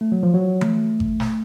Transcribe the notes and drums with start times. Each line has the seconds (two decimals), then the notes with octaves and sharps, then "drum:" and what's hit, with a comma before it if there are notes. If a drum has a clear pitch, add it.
0.01 A3
0.12 F#3
0.23 F3
0.34 F#3
0.61 A3, drum: tom E3
1.00 drum: kick G#1
1.20 drum: snare